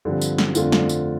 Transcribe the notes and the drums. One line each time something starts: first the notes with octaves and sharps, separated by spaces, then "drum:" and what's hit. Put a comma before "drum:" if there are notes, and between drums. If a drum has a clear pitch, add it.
G2 D3 F3 C4
drum: tambourine
drum: snare
F2 D3 A3 C4 F4, drum: tambourine
drum: snare
drum: tambourine